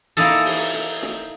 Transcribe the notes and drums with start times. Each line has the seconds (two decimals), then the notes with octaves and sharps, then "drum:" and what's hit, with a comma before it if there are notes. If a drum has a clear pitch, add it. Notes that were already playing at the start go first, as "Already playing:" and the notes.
0.17 A#3 D#4 E4 G#4 A4, drum: hi-hat
0.45 drum: open hi-hat
0.74 drum: hi-hat
1.03 drum: snare